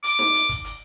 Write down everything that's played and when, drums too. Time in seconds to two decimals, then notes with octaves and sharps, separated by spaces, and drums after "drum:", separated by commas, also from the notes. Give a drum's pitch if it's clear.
0.04 D6, drum: hi-hat
0.19 drum: snare D#4
0.34 drum: hi-hat
0.49 drum: kick, hi-hat
0.64 drum: hi-hat